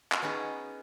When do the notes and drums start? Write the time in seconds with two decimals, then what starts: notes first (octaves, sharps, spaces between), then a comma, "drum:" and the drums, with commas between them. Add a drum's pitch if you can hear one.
0.12 drum: clap
0.22 B3 C#4 D#4 F#4 G#4